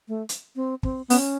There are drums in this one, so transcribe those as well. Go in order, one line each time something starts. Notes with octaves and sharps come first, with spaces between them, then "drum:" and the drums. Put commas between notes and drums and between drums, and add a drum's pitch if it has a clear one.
A3
drum: hi-hat
C4
C4, drum: kick
B3 C#4, drum: open hi-hat